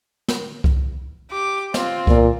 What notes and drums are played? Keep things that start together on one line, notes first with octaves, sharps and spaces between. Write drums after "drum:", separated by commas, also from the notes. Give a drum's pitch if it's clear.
drum: snare
drum: kick C2
G4 D6
C4 F4, drum: snare
A#2, drum: kick C2